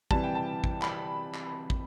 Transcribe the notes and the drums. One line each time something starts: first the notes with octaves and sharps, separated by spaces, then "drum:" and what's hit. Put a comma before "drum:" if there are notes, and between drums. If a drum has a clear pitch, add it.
C3 E3 G3 A5, drum: kick
G5
A5
drum: kick
B5, drum: clap
drum: clap
drum: kick